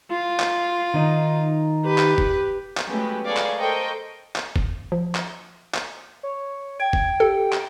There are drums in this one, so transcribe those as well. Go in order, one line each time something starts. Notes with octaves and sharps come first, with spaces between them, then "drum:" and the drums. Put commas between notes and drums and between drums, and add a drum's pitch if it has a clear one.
F4
drum: clap
D#3 D#4
G4 B4
drum: clap
drum: kick F#1
drum: clap
F#3 G#3 A3 B3 C#4 G4
G#4 A4 B4 C#5 D5 F5
drum: clap
A4 A#4 C5 D#5 G5 C#6
drum: clap
drum: kick F#1
F3
drum: clap
drum: clap
C#5
G5 G#6
drum: kick F#1
G4 A4
drum: clap